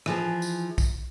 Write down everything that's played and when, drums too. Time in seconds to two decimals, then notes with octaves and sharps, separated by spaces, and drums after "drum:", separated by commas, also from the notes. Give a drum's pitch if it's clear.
0.06 E3 F3 G#4, drum: rim click
0.42 drum: tambourine
0.78 drum: kick, tambourine